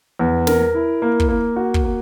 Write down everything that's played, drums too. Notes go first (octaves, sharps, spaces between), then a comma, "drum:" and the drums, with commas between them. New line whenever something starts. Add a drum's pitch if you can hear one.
E2
A#4, drum: snare
E4
A#3
drum: kick
A#3
F#4
drum: kick
A#3